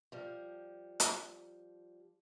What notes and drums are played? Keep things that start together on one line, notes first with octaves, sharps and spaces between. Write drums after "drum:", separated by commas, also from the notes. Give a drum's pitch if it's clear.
F3 G3
drum: hi-hat